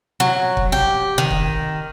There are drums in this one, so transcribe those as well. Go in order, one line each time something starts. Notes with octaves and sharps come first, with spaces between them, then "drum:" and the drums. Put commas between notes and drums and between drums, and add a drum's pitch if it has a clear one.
F#3
drum: kick
G4
D#3
drum: kick